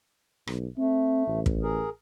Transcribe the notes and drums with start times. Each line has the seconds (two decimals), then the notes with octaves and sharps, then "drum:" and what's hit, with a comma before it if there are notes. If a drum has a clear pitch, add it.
0.47 B1, drum: rim click
0.78 A3 C4
1.27 A1
1.46 drum: kick
1.63 G#4 A#4